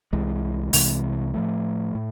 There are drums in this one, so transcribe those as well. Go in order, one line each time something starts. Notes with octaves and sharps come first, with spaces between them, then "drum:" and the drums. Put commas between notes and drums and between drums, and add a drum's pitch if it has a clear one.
C2 C3 E3 G#3
C2 C3 E3 G#3, drum: open hi-hat
A2 F3 A3
A2